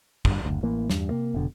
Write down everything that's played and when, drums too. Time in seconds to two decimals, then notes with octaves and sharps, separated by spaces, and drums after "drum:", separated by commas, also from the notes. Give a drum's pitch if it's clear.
0.25 G1 G2, drum: kick
0.45 F#1 D2
0.63 A1 E3 A#3
0.90 E2 G2, drum: snare
1.10 C3 A#3
1.34 F1 B2 D3